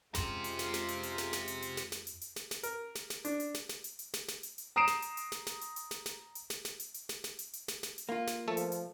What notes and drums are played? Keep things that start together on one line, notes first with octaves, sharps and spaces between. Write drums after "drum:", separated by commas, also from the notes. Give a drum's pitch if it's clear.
F2 G#3 C#4 F4 G4 C5, drum: snare
drum: hi-hat
drum: snare
drum: snare
drum: hi-hat
drum: hi-hat
drum: snare
drum: snare
drum: hi-hat
drum: hi-hat
drum: snare
drum: snare
drum: hi-hat
drum: hi-hat
drum: snare
drum: snare
A#4, drum: hi-hat
drum: snare
drum: snare
D4, drum: hi-hat
drum: hi-hat
drum: snare
drum: snare
drum: hi-hat
drum: hi-hat
drum: snare
drum: snare
drum: hi-hat
drum: hi-hat
A#5 D#6 C7 D7 E7
drum: snare
drum: hi-hat
drum: hi-hat
drum: snare
drum: snare
drum: hi-hat
drum: hi-hat
drum: snare
drum: snare
drum: hi-hat
drum: snare
drum: snare
drum: hi-hat
drum: hi-hat
drum: snare
drum: snare
drum: hi-hat
drum: hi-hat
drum: snare
drum: snare
drum: hi-hat
A#3 F4
drum: snare
F3 A3 A4
drum: hi-hat
drum: hi-hat